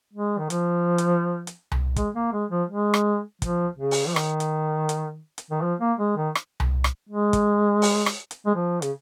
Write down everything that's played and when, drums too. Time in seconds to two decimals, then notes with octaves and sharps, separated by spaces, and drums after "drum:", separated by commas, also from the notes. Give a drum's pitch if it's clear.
0.13 G#3
0.39 D#3
0.50 F3, drum: hi-hat
0.98 drum: hi-hat
1.47 drum: hi-hat
1.72 drum: tom C2
1.96 G#3, drum: kick, hi-hat
2.15 A#3
2.32 G#3
2.51 F3
2.69 G#3
2.94 drum: rim click
3.42 F3, drum: kick, hi-hat
3.78 C#3
3.91 drum: open hi-hat
4.08 F3
4.16 D#3, drum: rim click
4.40 drum: hi-hat
4.89 drum: hi-hat
5.38 drum: hi-hat
5.51 D#3
5.62 F3
5.80 A#3
5.99 G#3
6.16 D#3
6.35 drum: rim click
6.60 drum: tom C2
6.84 drum: rim click
7.09 G#3
7.33 drum: kick, hi-hat
7.82 drum: open hi-hat
8.06 drum: rim click
8.31 drum: hi-hat
8.46 G#3
8.55 F3
8.82 C#3, drum: hi-hat